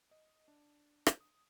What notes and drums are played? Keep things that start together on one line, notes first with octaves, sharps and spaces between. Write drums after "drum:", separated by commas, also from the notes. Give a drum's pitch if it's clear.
D#5
D4
drum: rim click
D#6